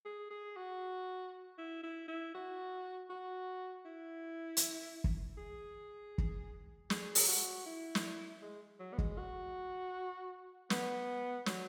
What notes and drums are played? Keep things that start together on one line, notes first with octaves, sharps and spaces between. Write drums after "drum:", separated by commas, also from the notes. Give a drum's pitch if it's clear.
G#4
G#4
F#4
E4
E4
E4
F#4
F#4
E4
drum: hi-hat
drum: kick
G#4
drum: kick
G#4, drum: snare
drum: open hi-hat
F#4
E4
drum: snare
G#3
F#3
B3
G#3, drum: kick
F#4
B3, drum: snare
F#3, drum: snare